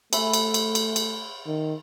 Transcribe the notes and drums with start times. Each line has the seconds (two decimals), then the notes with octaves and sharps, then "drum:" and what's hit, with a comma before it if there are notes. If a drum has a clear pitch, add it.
0.13 A3 E5 G#5 B5, drum: cymbal
0.33 drum: cymbal
0.54 drum: cymbal
0.75 drum: cymbal
0.96 drum: cymbal
1.47 D#3